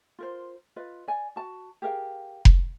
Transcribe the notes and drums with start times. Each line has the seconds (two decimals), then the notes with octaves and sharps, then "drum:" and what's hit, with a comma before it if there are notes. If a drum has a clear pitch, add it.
0.19 F4 A#4 C5
0.76 F4 B4 D#5
1.08 D5 G#5
1.36 F#4 A5
1.82 G4 G#4 A#4 F5
2.45 drum: kick F1